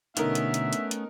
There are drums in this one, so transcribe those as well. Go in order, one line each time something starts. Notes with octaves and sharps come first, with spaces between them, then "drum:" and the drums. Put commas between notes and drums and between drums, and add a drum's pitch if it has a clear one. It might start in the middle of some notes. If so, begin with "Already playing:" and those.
B2 D3 A3 B3 C#4 D#4 A#4 E5, drum: hi-hat
drum: hi-hat
drum: hi-hat
drum: hi-hat
drum: hi-hat